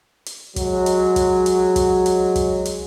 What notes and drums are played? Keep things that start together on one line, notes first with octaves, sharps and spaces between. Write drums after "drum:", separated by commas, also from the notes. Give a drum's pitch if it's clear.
drum: hi-hat
F#3 G#3, drum: kick, hi-hat
drum: hi-hat
drum: kick, hi-hat
drum: hi-hat
drum: kick, hi-hat
drum: hi-hat
drum: kick, hi-hat
drum: hi-hat